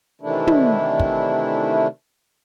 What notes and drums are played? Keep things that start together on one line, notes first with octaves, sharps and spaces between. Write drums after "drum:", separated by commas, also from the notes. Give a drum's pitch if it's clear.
C3 D#3 E3 A3 D4 E4
drum: tom
drum: kick